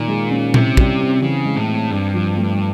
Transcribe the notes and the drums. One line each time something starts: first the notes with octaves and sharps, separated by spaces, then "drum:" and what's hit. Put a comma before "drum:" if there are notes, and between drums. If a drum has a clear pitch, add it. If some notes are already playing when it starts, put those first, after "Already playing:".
Already playing: A#2 D#3
G#3
C#4
C3 E4, drum: tom A#2
G3, drum: kick
C4
C#3 E3
G#3
A2
C4
G2 D4
F3
A3